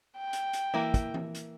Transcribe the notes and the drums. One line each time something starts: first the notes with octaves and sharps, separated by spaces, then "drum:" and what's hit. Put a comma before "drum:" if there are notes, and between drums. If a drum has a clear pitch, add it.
G5
drum: hi-hat
drum: hi-hat
E3 A#3 E4, drum: tom E3
drum: kick, hi-hat
drum: tom E3
drum: hi-hat